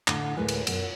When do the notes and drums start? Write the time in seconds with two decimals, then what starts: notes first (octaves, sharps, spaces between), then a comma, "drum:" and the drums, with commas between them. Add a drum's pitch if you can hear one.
0.08 A2 D3, drum: clap
0.37 D2 A2 G#3 A#4 B4 G#5
0.48 drum: cymbal
0.67 F#2 B2, drum: cymbal